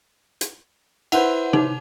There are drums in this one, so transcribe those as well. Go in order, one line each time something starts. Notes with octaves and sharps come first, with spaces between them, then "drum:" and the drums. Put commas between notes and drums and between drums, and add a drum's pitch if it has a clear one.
drum: hi-hat
E4 B4 C5 F#5, drum: cymbal
D#4, drum: tom C3